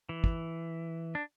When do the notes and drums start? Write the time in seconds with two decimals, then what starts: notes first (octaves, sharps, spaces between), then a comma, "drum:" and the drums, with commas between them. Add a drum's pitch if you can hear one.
0.09 E3
0.24 drum: kick
1.15 D4